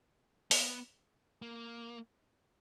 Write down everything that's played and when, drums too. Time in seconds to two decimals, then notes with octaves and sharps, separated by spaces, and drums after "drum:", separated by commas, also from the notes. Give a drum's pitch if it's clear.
0.51 B3, drum: open hi-hat
1.42 A#3